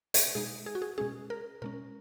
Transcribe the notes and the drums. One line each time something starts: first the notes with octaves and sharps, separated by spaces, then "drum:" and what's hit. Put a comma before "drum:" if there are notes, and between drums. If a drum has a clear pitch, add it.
drum: hi-hat
B2 G#3 D#4 G#4
G#4
F#4
G#4
B2 G#3 C#4 G#4
A#4
B2 G#3 C#4 A#4